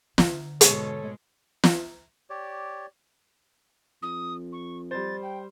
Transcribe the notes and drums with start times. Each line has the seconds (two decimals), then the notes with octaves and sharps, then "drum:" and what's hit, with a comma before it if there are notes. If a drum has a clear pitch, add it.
0.18 D3, drum: snare
0.61 G#2 B2 G#3 A4 C#5, drum: hi-hat
1.64 drum: snare
2.30 G4 C#5 D5
4.02 F2 D#6
4.52 C#6
4.91 G3 C5 A6
5.22 G5